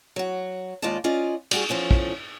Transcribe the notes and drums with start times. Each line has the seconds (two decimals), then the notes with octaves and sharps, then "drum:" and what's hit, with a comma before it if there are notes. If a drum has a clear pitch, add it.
0.16 F#3 F#4
0.82 D#2 G#3 F4 D5 D#5 A5
1.04 C#4 F4 D5 D#5
1.51 G3 F#4 G#4, drum: cymbal
1.69 E2 F3 C#4 A4
1.91 drum: kick